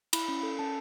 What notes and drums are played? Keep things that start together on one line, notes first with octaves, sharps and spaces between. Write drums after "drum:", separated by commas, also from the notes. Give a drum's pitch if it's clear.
E4 B5, drum: cymbal
C#4
A4
C#4 A5